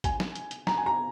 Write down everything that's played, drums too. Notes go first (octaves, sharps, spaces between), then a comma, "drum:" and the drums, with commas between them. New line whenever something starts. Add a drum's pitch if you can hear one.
G#5, drum: kick, hi-hat
drum: snare
drum: hi-hat
drum: hi-hat
A#5, drum: snare
G#5
A#5